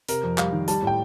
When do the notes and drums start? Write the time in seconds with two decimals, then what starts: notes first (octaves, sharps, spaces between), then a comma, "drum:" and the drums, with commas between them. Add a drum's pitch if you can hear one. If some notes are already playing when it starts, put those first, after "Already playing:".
0.09 C3 A#4, drum: hi-hat
0.23 F2
0.38 G3 F5, drum: clap
0.53 D#3
0.68 G3 A5, drum: hi-hat
0.82 A2 G5